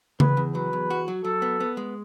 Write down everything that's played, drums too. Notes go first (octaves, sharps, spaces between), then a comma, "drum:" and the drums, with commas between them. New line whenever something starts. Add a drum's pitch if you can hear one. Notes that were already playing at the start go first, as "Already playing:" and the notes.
E2 B4, drum: tom C#3
E2
F#3 B4
E2
F#4
F#3
F#3 A4
B3
B3
G#3